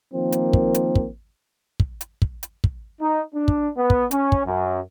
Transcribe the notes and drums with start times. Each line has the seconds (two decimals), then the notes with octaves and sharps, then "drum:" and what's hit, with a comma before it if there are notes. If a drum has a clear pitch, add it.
0.13 D#3 F3 A#3 C4
0.32 drum: hi-hat
0.53 drum: kick
0.74 drum: hi-hat
0.95 drum: kick
1.80 drum: kick
2.01 drum: hi-hat
2.22 drum: kick
2.43 drum: hi-hat
2.64 drum: kick
3.01 D#4
3.35 D4
3.48 drum: kick
3.77 B3
3.90 drum: kick
4.11 C#4, drum: hi-hat
4.32 drum: kick
4.46 F#2